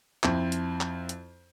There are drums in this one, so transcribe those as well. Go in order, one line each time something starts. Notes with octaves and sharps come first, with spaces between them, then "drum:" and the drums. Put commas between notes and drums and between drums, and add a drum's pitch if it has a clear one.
F2 C4 E4, drum: clap
drum: hi-hat
drum: clap
drum: hi-hat